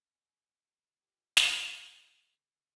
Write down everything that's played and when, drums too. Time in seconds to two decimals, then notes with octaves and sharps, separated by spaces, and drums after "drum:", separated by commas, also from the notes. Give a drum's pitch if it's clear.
0.12 G#5
1.01 A#2 G4
1.37 drum: snare
1.56 C#2 F5 A5 A#5